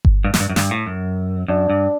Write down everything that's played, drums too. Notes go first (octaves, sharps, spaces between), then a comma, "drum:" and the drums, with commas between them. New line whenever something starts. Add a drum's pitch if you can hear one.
drum: kick G1
G2
F#2, drum: snare
G2
F#2
G2, drum: snare
A2
F#2
F#2 D4
G2